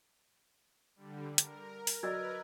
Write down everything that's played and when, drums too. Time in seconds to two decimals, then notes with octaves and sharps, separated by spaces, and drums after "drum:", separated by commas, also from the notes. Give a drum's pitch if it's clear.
0.96 D3 G3
1.38 A#4, drum: hi-hat
1.87 drum: open hi-hat
2.03 F#3 A#4 B4 D5 D#5 E6 G#6